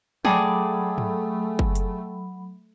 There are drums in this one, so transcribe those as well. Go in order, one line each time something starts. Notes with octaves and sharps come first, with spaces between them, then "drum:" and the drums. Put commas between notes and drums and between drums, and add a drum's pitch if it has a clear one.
F#3 A3 G#4 D5 G5 A5 B5 C#6, drum: tom
drum: tom
drum: kick
drum: hi-hat